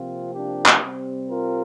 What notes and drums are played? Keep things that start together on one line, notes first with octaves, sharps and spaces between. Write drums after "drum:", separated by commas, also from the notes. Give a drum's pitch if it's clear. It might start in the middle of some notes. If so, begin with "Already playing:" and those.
Already playing: C3 F3 A#3 C4 F4
D4 G4
drum: clap
C3 G3 C4
F4 A#4